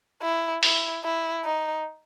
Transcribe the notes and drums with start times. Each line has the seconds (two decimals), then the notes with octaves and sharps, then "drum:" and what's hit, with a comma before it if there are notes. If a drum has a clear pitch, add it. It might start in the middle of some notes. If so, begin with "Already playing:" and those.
0.22 E4
0.63 E4, drum: open hi-hat
1.04 E4
1.45 D#4